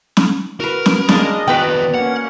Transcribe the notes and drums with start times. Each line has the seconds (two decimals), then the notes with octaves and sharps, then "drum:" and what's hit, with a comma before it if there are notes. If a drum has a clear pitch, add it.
0.17 drum: snare
0.60 F#4 A#4 B4
0.86 drum: snare
1.09 G#3 A#3 D4 D#5, drum: snare
1.48 D#2 B3 F#4 B4 D5 G5
1.94 A#3 C#4 F#5